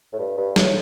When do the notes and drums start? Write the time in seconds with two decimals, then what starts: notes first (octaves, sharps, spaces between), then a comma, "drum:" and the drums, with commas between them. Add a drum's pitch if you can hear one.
0.13 A2
0.19 G2
0.37 G2
0.56 A2, drum: snare